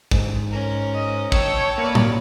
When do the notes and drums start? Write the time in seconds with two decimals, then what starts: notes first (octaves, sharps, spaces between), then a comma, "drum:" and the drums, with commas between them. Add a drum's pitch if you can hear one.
0.11 G#2, drum: kick
0.50 C#4 A#4
0.95 D#5
1.32 C#5 G5 A5 E6, drum: kick
1.78 A#3 B4 D5
1.95 drum: tom A2